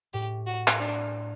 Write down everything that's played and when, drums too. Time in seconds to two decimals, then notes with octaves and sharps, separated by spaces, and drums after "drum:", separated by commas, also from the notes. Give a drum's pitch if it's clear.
0.14 A2 G4
0.46 F#4
0.68 drum: clap
0.79 D4